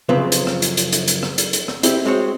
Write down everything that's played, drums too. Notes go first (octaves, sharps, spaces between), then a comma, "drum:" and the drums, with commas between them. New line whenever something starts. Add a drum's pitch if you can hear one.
F#2 C#3 F3 C4 B4 C5
drum: hi-hat
drum: rim click
drum: hi-hat
drum: hi-hat
drum: hi-hat
drum: hi-hat
drum: rim click
drum: hi-hat
drum: hi-hat
drum: rim click
C4 E4 G4, drum: hi-hat
G#3 C4 F#4 C#5